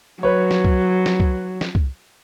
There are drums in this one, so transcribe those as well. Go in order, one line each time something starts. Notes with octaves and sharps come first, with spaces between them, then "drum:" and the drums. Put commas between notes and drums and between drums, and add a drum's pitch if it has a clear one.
F#3 B4 C#5
drum: snare
drum: kick C2
drum: snare
drum: kick C2
drum: snare
drum: kick C2